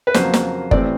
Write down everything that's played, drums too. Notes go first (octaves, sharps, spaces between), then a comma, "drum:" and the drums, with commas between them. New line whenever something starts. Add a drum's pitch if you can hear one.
B4
F2 C#3 F#3 A#3 C5, drum: snare
drum: snare
A1 A2 E3 A3 C4 D5, drum: kick